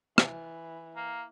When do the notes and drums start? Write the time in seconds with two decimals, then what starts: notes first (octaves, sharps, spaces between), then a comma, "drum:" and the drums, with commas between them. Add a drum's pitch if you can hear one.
0.18 E3, drum: rim click
0.95 A#3